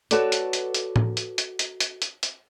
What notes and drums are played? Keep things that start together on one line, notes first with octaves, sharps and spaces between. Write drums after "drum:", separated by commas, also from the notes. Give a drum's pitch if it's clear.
F#4 A4 B4 C#5 D5, drum: hi-hat
drum: hi-hat
drum: hi-hat
drum: hi-hat
drum: tom
drum: hi-hat
drum: hi-hat
drum: hi-hat
drum: hi-hat
drum: hi-hat
drum: hi-hat